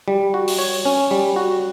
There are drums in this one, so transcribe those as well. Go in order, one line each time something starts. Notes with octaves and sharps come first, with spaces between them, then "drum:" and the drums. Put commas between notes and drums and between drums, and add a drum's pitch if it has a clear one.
G3
F#4
drum: open hi-hat
C#5
C#4
G3
F#4